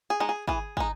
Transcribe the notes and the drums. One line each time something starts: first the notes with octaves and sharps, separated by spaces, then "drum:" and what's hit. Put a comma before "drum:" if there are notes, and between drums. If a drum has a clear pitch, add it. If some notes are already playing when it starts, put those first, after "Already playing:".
G#4
G#3 D#4
G#4
E3 G#4, drum: kick
G#3 D#4, drum: kick